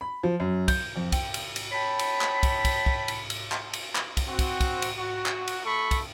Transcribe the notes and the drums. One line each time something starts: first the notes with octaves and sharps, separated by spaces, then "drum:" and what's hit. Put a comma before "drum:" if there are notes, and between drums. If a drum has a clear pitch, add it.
B5
F3
F#2
G6, drum: kick, cymbal
F2
G5, drum: kick, cymbal
drum: cymbal
drum: cymbal
C#5 G5 A5 B5
drum: cymbal
drum: clap
drum: kick, cymbal
drum: kick, cymbal
drum: kick
drum: cymbal
drum: cymbal
drum: clap
drum: cymbal
drum: clap
drum: kick, cymbal
C4 F#4
drum: kick, cymbal
drum: kick, cymbal
drum: cymbal
F#4
drum: clap
drum: cymbal
A3 A4 B5 C#6
drum: kick, cymbal